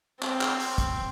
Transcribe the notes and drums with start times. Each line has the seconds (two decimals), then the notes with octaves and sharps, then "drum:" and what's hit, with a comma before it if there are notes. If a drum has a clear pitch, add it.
0.22 C4, drum: clap
0.41 drum: clap
0.60 drum: open hi-hat
0.78 drum: kick, hi-hat